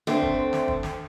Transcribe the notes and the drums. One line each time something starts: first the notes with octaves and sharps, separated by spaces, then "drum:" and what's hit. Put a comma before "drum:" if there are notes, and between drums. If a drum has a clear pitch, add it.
D3 A3 C4, drum: snare
drum: kick
drum: snare
drum: kick
drum: snare